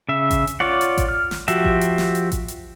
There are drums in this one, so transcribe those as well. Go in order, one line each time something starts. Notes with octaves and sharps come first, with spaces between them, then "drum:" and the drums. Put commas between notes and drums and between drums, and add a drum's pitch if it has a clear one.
C#3 E5
drum: kick A1, hi-hat
drum: hi-hat
F4 C#5 D5 F#5
drum: hi-hat
drum: kick A1, hi-hat
F6
drum: snare
F3 F#4 G4 E5, drum: hi-hat
drum: kick A1
drum: hi-hat
drum: snare
drum: hi-hat
drum: kick A1, hi-hat
drum: hi-hat